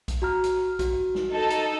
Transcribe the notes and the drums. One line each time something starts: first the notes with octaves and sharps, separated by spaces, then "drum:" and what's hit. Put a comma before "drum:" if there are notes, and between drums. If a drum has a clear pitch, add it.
drum: kick B1, hi-hat
F#4 A#5 F6
drum: hi-hat
F#4, drum: kick B1, hi-hat
drum: snare
D#4 A4
drum: hi-hat